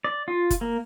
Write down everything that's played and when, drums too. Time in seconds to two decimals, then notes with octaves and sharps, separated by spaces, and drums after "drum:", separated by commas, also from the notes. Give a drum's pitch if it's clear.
0.04 D5
0.28 F4
0.50 drum: kick F#1, hi-hat
0.61 A#3